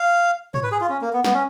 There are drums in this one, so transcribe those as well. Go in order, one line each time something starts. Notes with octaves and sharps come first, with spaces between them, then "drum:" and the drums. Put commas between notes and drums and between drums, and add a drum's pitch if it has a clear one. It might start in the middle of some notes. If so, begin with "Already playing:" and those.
Already playing: F5
C#5, drum: tom G#2
B4
G#4
F4
C#4
A#3
B3
B3, drum: snare
C#4